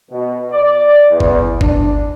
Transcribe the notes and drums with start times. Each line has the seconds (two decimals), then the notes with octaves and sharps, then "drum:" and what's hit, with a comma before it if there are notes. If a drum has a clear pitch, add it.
0.11 B2
0.52 D5
1.09 E2
1.20 drum: kick
1.61 D4, drum: kick